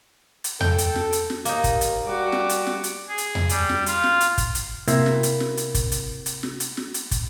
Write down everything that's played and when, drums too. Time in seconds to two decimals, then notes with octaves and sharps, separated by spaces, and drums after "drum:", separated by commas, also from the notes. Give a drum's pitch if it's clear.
0.44 drum: hi-hat
0.61 A4 G5, drum: tom E2
0.78 drum: hi-hat
0.95 drum: snare
1.13 drum: hi-hat
1.30 drum: snare
1.45 D#2 A#3 D#4, drum: hi-hat
1.64 drum: kick, hi-hat
1.81 drum: hi-hat
2.07 G3 F#4 D6
2.32 drum: snare
2.49 drum: hi-hat
2.67 drum: snare
2.84 drum: hi-hat
3.08 G#4
3.18 drum: hi-hat
3.35 drum: tom E2
3.49 G3, drum: hi-hat
3.69 drum: snare
3.86 F4, drum: hi-hat
4.03 drum: snare
4.21 drum: hi-hat
4.38 drum: kick, hi-hat
4.55 drum: hi-hat
4.88 C3 A#3 E4, drum: hi-hat
5.06 drum: snare
5.23 drum: hi-hat
5.40 drum: snare
5.57 drum: hi-hat
5.74 drum: kick, hi-hat
5.92 drum: hi-hat
6.26 drum: hi-hat
6.43 drum: snare
6.60 drum: hi-hat
6.77 drum: snare
6.94 drum: hi-hat
7.11 drum: kick, hi-hat